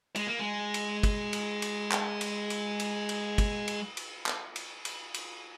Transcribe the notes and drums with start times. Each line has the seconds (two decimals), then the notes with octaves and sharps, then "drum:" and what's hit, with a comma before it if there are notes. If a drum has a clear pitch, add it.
0.16 G#3, drum: cymbal
0.27 A#3
0.40 G#3
0.74 drum: cymbal
1.03 drum: kick, cymbal
1.33 drum: cymbal
1.62 drum: cymbal
1.91 drum: clap
2.21 drum: cymbal
2.50 drum: cymbal
2.80 drum: cymbal
3.09 drum: cymbal
3.38 drum: kick, cymbal
3.68 drum: cymbal
3.97 drum: cymbal
4.26 drum: clap
4.56 drum: cymbal
4.85 drum: cymbal
5.14 drum: cymbal